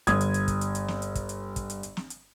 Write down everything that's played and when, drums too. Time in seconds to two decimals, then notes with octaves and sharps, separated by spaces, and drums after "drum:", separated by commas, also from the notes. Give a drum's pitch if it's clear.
0.07 G1 D#6 G#6, drum: kick, hi-hat
0.21 drum: hi-hat
0.34 drum: hi-hat
0.48 drum: kick, hi-hat
0.61 drum: hi-hat
0.75 drum: hi-hat
0.88 drum: snare
1.02 drum: hi-hat
1.15 drum: kick, hi-hat
1.29 drum: hi-hat
1.56 drum: kick, hi-hat
1.70 drum: hi-hat
1.83 drum: hi-hat
1.97 drum: snare
2.10 drum: hi-hat